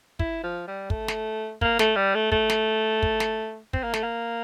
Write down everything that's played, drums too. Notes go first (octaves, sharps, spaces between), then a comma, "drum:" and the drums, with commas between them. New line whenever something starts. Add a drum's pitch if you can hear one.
E4, drum: kick
F3
G3
A3, drum: kick
drum: snare
A#3, drum: kick
A3, drum: snare
G3
A3
A3, drum: kick
drum: snare
drum: kick
drum: snare
C4, drum: kick
A#3
A3, drum: snare
A#3